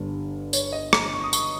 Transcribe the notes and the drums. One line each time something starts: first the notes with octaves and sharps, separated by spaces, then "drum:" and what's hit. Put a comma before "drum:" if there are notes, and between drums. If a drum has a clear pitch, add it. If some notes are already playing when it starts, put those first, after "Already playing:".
Already playing: G1 G2 G3
C#5, drum: tambourine
D#5
A#5, drum: rim click
C#6
D#6
C#6, drum: tambourine